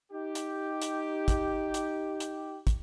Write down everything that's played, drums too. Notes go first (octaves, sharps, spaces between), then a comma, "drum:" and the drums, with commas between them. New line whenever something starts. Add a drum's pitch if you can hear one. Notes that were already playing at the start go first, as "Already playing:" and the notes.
D#4 G4
drum: hi-hat
drum: hi-hat
drum: kick, hi-hat
drum: hi-hat
drum: hi-hat
drum: kick, hi-hat